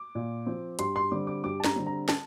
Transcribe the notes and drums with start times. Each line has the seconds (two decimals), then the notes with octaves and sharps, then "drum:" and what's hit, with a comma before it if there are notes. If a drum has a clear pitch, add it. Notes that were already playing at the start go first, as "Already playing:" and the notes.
Already playing: D6
0.15 A#2
0.46 F3 C4
0.79 G2 C6, drum: hi-hat
0.96 C6
1.12 D3 G3 C4 D6
1.27 D6
1.44 G2 D6
1.60 A5
1.64 A#5, drum: snare
1.76 D3 G3 C4
1.87 A#5
2.09 A5, drum: snare